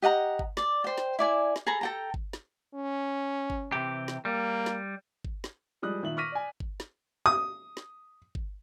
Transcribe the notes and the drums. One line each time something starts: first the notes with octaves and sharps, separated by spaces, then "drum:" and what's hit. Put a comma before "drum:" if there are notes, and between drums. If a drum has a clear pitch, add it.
G4 D#5 F#5 A#5
drum: kick G1
D5, drum: snare
C5 G5
drum: snare
E4 D5 G#5
drum: snare
G#4 A4 A#5 B5
A4 G5 A#5
drum: kick G1
drum: snare
C#4
drum: kick G1
C3 E3 G4
drum: snare
G3 A#3
drum: snare
drum: kick G1
drum: snare
F3 G3 G#3 D#6 F#6
A#2 D#3 E5 F#7
C#6 D6 F6 A#6 B6 D#7
D5 G#5
drum: kick G1
drum: snare
D#6
drum: snare
drum: kick G1